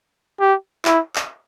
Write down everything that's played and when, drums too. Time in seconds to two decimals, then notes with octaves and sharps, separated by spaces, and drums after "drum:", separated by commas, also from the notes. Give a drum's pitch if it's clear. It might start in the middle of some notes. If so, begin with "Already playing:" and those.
0.40 G4
0.85 E4, drum: clap
1.16 drum: clap